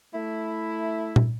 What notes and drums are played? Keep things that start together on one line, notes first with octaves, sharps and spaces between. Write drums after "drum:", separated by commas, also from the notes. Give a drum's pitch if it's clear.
A3 E4
drum: tom A#2